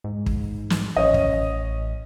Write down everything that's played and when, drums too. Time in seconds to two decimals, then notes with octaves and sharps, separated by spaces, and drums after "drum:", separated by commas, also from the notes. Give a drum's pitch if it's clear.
0.04 G#2
0.26 drum: kick
0.70 drum: snare
0.96 A1 C#4 D#5
1.14 drum: kick